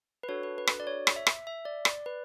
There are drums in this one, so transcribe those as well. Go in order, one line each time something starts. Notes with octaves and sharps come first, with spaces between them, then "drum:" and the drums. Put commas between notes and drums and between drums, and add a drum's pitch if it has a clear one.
B4
D4 F#4 A4 C#5
B4
B4
drum: rim click
D5
C#5
drum: rim click
E5
drum: rim click
E5
D5
D5, drum: rim click
B4